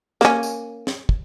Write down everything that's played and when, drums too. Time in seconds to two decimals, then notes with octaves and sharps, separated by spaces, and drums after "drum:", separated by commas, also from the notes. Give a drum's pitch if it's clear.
0.21 A#3 C#4, drum: snare
0.43 drum: tambourine
0.87 drum: snare
1.09 drum: kick